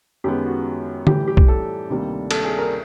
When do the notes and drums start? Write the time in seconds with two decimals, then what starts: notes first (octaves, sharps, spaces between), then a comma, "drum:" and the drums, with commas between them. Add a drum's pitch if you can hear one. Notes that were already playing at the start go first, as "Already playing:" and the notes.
0.24 F#2 D#3 G#3 B3 G4
0.45 F#4
1.07 A2 E3 G3 G4, drum: tom D3
1.28 G4
1.37 drum: kick B1
1.48 A4
1.90 D2 C3 D#3 G3 A#3
2.31 A4, drum: cymbal
2.45 G#4
2.59 A#4